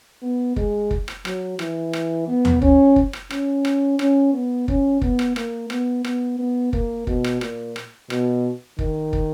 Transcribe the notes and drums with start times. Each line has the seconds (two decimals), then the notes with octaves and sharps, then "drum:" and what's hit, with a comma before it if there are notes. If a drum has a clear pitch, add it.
0.22 B3
0.56 G#3, drum: kick
0.91 drum: kick
1.08 drum: rim click
1.25 F#3, drum: rim click
1.59 E3, drum: rim click
1.93 drum: rim click
2.28 B3
2.45 drum: tom
2.62 C#4, drum: kick
2.96 drum: kick
3.13 drum: rim click
3.30 C#4, drum: rim click
3.65 drum: rim click
3.99 C#4, drum: rim click
4.33 B3
4.68 C#4, drum: kick
5.02 B3, drum: kick
5.19 drum: rim click
5.36 A#3, drum: rim click
5.70 B3, drum: rim click
6.04 B3, drum: rim click
6.39 B3
6.73 A#3, drum: kick
7.07 B2, drum: kick
7.24 drum: rim click
7.41 A#2, drum: rim click
7.76 drum: rim click
8.10 B2, drum: rim click
8.79 D#3, drum: kick
9.13 drum: kick